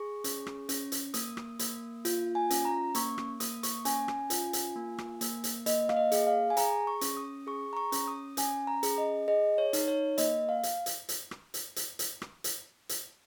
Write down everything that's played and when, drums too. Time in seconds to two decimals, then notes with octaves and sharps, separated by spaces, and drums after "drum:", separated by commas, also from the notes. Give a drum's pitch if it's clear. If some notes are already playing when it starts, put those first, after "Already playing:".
Already playing: G#4 C#6
0.24 C#4, drum: hi-hat
0.47 drum: rim click
0.69 C#4, drum: hi-hat
0.92 drum: hi-hat
1.14 A#3 D#6, drum: hi-hat
1.37 drum: rim click
1.59 A#3, drum: hi-hat
2.05 F4, drum: hi-hat
2.35 G#5
2.50 C#4, drum: hi-hat
2.65 A#5
2.95 A#3 C#6, drum: hi-hat
3.18 drum: rim click
3.40 A#3 D#6, drum: hi-hat
3.63 C#6, drum: hi-hat
3.85 C#4 G#5, drum: hi-hat
4.08 drum: rim click
4.30 F4, drum: hi-hat
4.53 drum: hi-hat
4.76 A#3
4.98 drum: rim click
5.21 A#3, drum: hi-hat
5.44 drum: hi-hat
5.66 A#3 D#5, drum: hi-hat
5.89 F5, drum: rim click
5.97 D#5
6.12 G#4, drum: hi-hat
6.27 F5
6.50 G#5
6.57 G#4 A#5, drum: hi-hat
6.87 C#6
7.01 C#4, drum: hi-hat
7.17 D#6
7.47 G#4 C#6
7.73 A#5
7.77 C#6
7.92 C#4, drum: hi-hat
8.08 D#6
8.37 C#4 G#5, drum: hi-hat
8.67 A#5
8.83 G#4, drum: hi-hat
8.98 D#5
9.28 G#4 D#5
9.58 C#5
9.73 D#4, drum: hi-hat
9.88 C#5
10.18 A#3 D#5, drum: hi-hat
10.49 F5
10.63 drum: hi-hat
10.86 drum: hi-hat
11.09 drum: hi-hat
11.31 drum: rim click
11.54 drum: hi-hat
11.76 drum: hi-hat
11.99 drum: hi-hat
12.22 drum: rim click
12.44 drum: hi-hat
12.89 drum: hi-hat